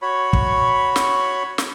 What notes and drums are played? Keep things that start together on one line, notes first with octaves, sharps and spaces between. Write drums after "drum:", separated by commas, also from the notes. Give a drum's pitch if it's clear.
F#4 C#5 B5
drum: kick
drum: snare
drum: snare